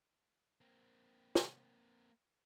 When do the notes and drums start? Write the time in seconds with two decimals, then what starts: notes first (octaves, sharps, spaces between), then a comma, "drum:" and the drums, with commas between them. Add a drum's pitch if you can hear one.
0.61 A#3 C4
1.35 drum: snare